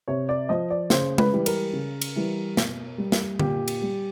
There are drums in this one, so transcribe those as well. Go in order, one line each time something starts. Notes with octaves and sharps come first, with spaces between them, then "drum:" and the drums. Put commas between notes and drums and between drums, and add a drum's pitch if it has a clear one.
C3 C#5
D5
F3 D#5
D5
C#3 C5, drum: snare
B4, drum: tom G#3
E3 G3
A#4, drum: cymbal
C#3
drum: cymbal
E3 G3
B2, drum: snare
G3
drum: snare
A#2 G4, drum: tom D3
drum: cymbal
G3